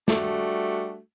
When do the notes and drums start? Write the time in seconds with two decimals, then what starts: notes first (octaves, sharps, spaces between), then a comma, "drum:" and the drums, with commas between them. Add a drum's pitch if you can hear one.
0.08 G3 A3 D4 F#4, drum: snare